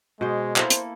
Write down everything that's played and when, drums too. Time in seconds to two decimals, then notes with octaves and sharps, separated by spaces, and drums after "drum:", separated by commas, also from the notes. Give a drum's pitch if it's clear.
0.21 B2 G#3 C5
0.56 A#3 E4 A4 C5, drum: clap
0.70 drum: hi-hat